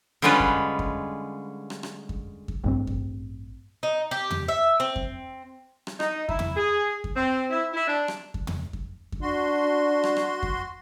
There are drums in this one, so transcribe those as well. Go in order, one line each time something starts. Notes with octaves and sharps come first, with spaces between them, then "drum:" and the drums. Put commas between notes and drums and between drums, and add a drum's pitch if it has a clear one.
D3 G3 G#3 C#4 F4 B4
drum: kick F2
drum: kick F2
drum: rim click
drum: rim click
drum: kick F2
drum: kick F2
A1 G2 C4
drum: kick F2
D#4
G4
drum: tom
E5
C4
drum: kick F2
drum: rim click
D#4, drum: rim click
E4, drum: kick F2
drum: tom
G#4
drum: kick F2
C4
E4
E4
D4
drum: rim click
drum: kick F2
drum: tom
drum: kick F2
drum: kick F2
D4 F#4 C6
drum: rim click
drum: rim click
drum: kick F2